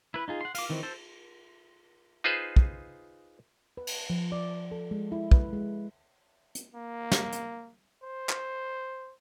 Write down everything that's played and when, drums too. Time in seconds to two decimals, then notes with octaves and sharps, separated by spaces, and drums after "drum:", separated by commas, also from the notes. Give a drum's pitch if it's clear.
0.14 E4 B4
0.28 D#4 F4 G#4
0.41 F#5 C6
0.55 F5 D6, drum: cymbal
0.70 D#3 E3 C4
0.83 A4 C5
2.24 D#4 F4 G#4 B4 C5
2.56 drum: kick
3.77 B4
3.87 drum: cymbal
4.10 F3
4.32 D5
4.71 A4
4.91 G#3
5.12 E4
5.31 B4, drum: kick
5.53 G#3
6.55 drum: hi-hat
6.75 A#3
7.12 drum: snare
7.33 drum: hi-hat
8.03 C5
8.29 drum: clap